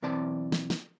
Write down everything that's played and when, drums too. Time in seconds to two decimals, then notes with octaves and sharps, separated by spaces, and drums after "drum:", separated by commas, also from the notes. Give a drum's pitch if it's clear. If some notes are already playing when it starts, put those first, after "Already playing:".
0.02 B1 E3 C4 D5 A5 C6
0.52 drum: snare
0.70 drum: snare